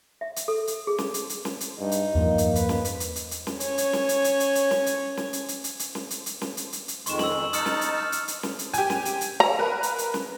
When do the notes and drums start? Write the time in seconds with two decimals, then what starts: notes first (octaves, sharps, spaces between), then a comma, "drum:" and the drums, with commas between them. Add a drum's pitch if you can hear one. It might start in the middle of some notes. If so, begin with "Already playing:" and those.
0.21 E5
0.36 drum: hi-hat
0.48 A4
0.67 drum: hi-hat
0.87 G#4
0.98 drum: snare
1.14 drum: hi-hat
1.29 drum: hi-hat
1.45 drum: snare
1.61 drum: hi-hat
1.79 G2 D#4
1.92 drum: hi-hat
2.15 E2 G2 F3 A#3
2.38 drum: hi-hat
2.55 B4, drum: hi-hat
2.69 drum: snare
2.85 drum: hi-hat
3.00 drum: hi-hat
3.16 drum: hi-hat
3.31 drum: hi-hat
3.47 drum: snare
3.60 C#4 C#5, drum: hi-hat
3.78 drum: hi-hat
3.93 drum: snare
4.09 drum: hi-hat
4.24 drum: hi-hat
4.40 drum: hi-hat
4.55 drum: hi-hat
4.71 drum: snare
4.86 drum: hi-hat
5.17 drum: snare
5.33 drum: hi-hat
5.48 drum: hi-hat
5.64 drum: hi-hat
5.79 drum: hi-hat
5.95 drum: snare
6.10 drum: hi-hat
6.26 drum: hi-hat
6.42 drum: snare
6.57 drum: hi-hat
6.73 drum: hi-hat
6.88 drum: hi-hat
7.06 F2 D#3 G#3 C6 C#6 E7, drum: hi-hat
7.19 E6 F#7, drum: snare
7.53 D#4 A5 D#6 F6 C#7, drum: hi-hat
7.66 drum: snare
7.81 drum: hi-hat
7.98 F6
8.12 drum: hi-hat
8.28 drum: hi-hat
8.43 drum: snare
8.59 drum: hi-hat
8.74 G4 G#5, drum: hi-hat
8.90 drum: snare
9.05 drum: hi-hat
9.21 drum: hi-hat
9.40 A#5
9.59 A#4 B4
9.83 drum: hi-hat
9.98 drum: hi-hat
10.14 drum: snare